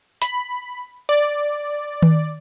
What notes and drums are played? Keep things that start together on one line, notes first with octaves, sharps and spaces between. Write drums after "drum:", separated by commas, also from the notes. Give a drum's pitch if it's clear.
B5, drum: hi-hat
D5
drum: tom D#3